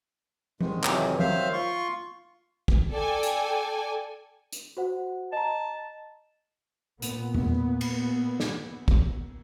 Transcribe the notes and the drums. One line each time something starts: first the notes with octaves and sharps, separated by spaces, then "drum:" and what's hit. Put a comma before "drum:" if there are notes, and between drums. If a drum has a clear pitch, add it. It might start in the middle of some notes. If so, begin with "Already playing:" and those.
G#2 D#3 G#3, drum: tom F3
F2 C3 D#3 E3 F#3, drum: clap
D#3 F#3 C5 E5 F5 F6, drum: tom F3
F4 C6 C#6
drum: kick
A4 D5 G5 G#5
drum: hi-hat
drum: hi-hat
F#4 C5 F#5
D#5 A5 A#5
A#2 B3, drum: hi-hat
drum: tom E2
drum: cymbal
drum: snare
drum: kick